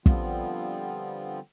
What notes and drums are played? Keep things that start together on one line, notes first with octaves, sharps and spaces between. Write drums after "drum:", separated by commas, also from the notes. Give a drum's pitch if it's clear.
D3 F3 G3 B3 C4 F4, drum: kick